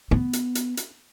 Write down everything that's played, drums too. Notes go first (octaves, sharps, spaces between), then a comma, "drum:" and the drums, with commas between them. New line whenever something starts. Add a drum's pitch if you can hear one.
B3
drum: hi-hat
drum: hi-hat
drum: hi-hat